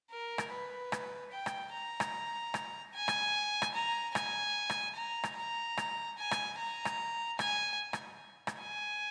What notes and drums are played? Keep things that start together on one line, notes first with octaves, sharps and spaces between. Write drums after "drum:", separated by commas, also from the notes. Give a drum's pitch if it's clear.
A#4
drum: rim click
B4
drum: rim click
G5
drum: rim click
A#5
drum: rim click
drum: rim click
G#5
drum: rim click
drum: rim click
A#5
G#5, drum: rim click
drum: rim click
A#5
drum: rim click
A#5
drum: rim click
G#5
drum: rim click
A#5
drum: rim click
G#5, drum: rim click
drum: rim click
drum: rim click
G#5